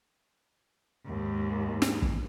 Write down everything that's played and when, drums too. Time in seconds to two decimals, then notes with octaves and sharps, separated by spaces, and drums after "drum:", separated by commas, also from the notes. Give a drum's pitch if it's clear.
1.05 D#2 G#2
1.82 drum: snare
2.02 drum: kick